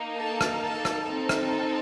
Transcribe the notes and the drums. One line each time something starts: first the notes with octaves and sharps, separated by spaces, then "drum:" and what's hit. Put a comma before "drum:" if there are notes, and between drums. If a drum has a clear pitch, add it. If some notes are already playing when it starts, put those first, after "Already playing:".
Already playing: A#3 D#4
A4 A5
drum: rim click
A4 A5
drum: rim click
C4 D#4 A4
drum: rim click